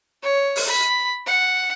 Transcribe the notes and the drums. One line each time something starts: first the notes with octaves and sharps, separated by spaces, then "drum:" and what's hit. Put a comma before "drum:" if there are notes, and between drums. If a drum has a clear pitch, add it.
C#5
drum: open hi-hat
B5
F#5